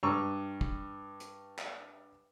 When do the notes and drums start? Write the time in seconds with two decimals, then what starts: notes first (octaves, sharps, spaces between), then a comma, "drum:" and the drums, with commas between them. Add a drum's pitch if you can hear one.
0.03 G2 A#5 C#6 E6
0.61 drum: kick
1.20 drum: hi-hat
1.59 drum: clap